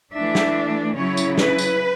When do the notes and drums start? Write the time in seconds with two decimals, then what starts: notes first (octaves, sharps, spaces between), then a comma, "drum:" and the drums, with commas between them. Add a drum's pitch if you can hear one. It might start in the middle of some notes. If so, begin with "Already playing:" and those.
0.14 E3 A3 D4 E5
0.35 drum: snare
0.96 C#3 F#3 C#4 E4 C#5
1.17 drum: tambourine
1.37 B4, drum: snare
1.59 drum: tambourine